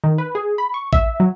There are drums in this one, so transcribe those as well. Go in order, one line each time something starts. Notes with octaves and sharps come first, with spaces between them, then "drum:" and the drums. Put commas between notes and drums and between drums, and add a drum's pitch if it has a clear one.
D#3
B4
G#4
B5
C#6
E5, drum: kick A1
F#3